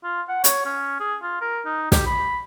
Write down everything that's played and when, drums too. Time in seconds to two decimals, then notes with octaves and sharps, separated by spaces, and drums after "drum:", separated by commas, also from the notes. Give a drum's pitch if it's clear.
0.04 F4
0.29 F#5
0.44 C#5, drum: hi-hat
0.66 C#4
1.00 G#4
1.23 F4
1.41 A#4
1.66 D#4
1.92 G4, drum: snare
2.06 B5